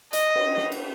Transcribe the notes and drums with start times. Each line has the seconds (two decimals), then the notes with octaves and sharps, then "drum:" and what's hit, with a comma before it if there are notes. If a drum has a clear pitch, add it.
0.13 D#5, drum: hi-hat
0.35 drum: cymbal
0.57 drum: snare
0.72 drum: cymbal